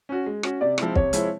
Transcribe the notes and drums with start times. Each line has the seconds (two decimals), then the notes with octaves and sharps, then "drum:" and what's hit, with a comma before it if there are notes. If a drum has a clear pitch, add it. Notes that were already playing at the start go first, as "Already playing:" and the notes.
0.09 C#4 F#4
0.26 G#3
0.43 C#4 F#4, drum: rim click
0.61 C3 D5
0.78 F3 G#3 C4 E4, drum: rim click
0.96 C3 C#5, drum: kick
1.13 F3 G#3 C4 E4, drum: hi-hat